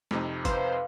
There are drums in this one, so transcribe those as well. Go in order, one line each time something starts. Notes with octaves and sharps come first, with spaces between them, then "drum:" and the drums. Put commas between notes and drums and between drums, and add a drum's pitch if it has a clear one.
F2 C3 D#4, drum: snare
B4 C5 F5, drum: kick, hi-hat